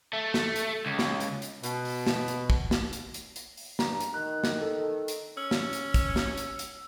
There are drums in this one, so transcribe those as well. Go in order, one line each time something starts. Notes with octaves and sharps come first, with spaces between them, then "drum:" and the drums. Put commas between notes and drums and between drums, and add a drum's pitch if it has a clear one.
A3
drum: snare
drum: hi-hat
C#2
drum: snare
drum: hi-hat
drum: hi-hat
B2, drum: hi-hat
drum: open hi-hat
drum: snare
drum: hi-hat
drum: kick
drum: snare
drum: hi-hat
drum: hi-hat
drum: hi-hat
drum: open hi-hat
G2 A#5, drum: snare
drum: hi-hat
D#3 F#6
drum: snare
A4
drum: hi-hat
C#4 E6
drum: snare
drum: hi-hat
drum: kick, hi-hat
drum: snare
drum: hi-hat
drum: hi-hat